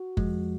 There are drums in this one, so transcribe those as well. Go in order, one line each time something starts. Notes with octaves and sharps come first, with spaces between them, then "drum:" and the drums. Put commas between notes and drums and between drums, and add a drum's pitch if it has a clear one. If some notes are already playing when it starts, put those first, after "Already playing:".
Already playing: F#4
F2 F3 G#3, drum: kick F#1